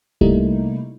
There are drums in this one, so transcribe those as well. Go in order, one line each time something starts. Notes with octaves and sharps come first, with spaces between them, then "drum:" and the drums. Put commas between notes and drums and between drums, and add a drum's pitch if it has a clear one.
C3 G3 A3 A#3 D#4 E4, drum: kick C2